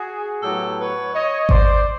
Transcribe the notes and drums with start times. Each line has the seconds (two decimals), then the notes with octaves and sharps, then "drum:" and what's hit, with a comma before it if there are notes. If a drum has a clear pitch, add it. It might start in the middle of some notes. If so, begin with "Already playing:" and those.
Already playing: F#4 G#4
0.42 A2 F#3 B3 G4 A4
0.78 B4 C#5
1.14 C#5 D#5
1.49 C5 D5, drum: kick G#1